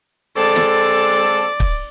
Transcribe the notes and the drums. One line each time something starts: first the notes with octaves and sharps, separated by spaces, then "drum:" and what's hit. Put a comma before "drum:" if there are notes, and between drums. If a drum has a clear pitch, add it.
G#3 C4 A4 D5
drum: snare
drum: kick